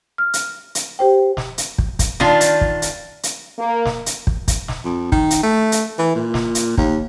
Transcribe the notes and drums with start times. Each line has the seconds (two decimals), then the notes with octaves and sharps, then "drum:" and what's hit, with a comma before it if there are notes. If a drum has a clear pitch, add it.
0.18 F6
0.33 drum: hi-hat
0.75 drum: hi-hat
0.99 G4 C5 G5
1.37 drum: snare
1.58 drum: hi-hat
1.78 drum: kick
1.99 drum: kick, hi-hat
2.20 D#3 D4 F4, drum: snare
2.41 drum: hi-hat
2.61 drum: kick
2.82 drum: hi-hat
3.23 drum: hi-hat
3.59 A#3
3.86 drum: snare
4.06 drum: hi-hat
4.27 drum: kick
4.48 drum: kick, hi-hat
4.68 drum: snare
4.84 F2
5.12 D#3, drum: kick
5.30 drum: hi-hat
5.43 A3
5.72 drum: hi-hat
5.99 E3
6.15 A#2
6.34 drum: snare
6.55 drum: hi-hat
6.77 D#2, drum: kick